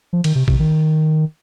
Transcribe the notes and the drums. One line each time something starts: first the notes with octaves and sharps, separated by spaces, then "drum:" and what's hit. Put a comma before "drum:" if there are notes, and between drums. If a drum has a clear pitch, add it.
F3
D#3, drum: cymbal
C3
C3, drum: kick
D#3